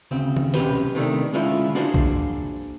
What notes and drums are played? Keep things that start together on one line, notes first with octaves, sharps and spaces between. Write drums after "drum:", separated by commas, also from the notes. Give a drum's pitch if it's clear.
D2 C#3 C4
drum: tom D#3
B1 C3 C#4 G4 B4 C5, drum: hi-hat
C3 D#3 A3 D4
D3 G#3 C#4 E4 F4 C5
A#3 D4 F#4 G#4 C5
drum: kick B1